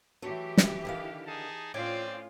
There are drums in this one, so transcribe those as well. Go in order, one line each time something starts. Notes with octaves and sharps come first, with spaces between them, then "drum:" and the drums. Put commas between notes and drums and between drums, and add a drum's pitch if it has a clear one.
E3 F#3 A3 G4
drum: snare
D3 D#3 F5
D#4 G#4 A5
A2 C4 C#4 F4 D5 G5 G#5